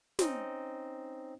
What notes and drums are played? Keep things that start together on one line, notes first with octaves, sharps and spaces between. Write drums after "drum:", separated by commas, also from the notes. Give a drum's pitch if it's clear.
C4 C#4 D#4 D#5, drum: snare